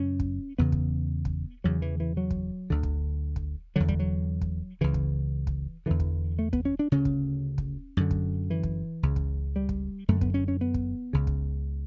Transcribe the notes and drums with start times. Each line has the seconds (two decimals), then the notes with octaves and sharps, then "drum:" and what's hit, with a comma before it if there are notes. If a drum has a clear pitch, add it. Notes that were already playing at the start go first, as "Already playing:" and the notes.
Already playing: F#2 C#3 C#4
0.20 drum: kick
0.59 E2 C#3 B3
0.72 drum: kick
1.25 drum: kick
1.64 E2 C#3 F#3
1.82 E3
2.00 E3
2.17 F#3
2.31 drum: kick
2.70 D2 D3
2.83 drum: kick
3.36 drum: kick
3.76 E2 D3 F#3
3.88 G3, drum: kick
3.99 F#3
4.41 drum: kick
4.81 C#2 C#3 E3
4.94 drum: kick
5.47 drum: kick
5.86 E2 D3 E3
6.00 drum: kick
6.39 A3
6.53 B3, drum: kick
6.65 C#4
6.79 D4
6.92 D2 C#3 C#4
7.05 drum: kick
7.58 drum: kick
7.97 F#2 D3
8.11 drum: kick
8.50 E3
8.63 drum: kick
9.03 C#2 C#3
9.16 drum: kick
9.56 G3
9.69 drum: kick
10.08 F#2 D3 A3
10.21 B3, drum: kick
10.34 C#4
10.48 C#4
10.61 B3
10.74 drum: kick
11.13 C#2 C#3
11.27 drum: kick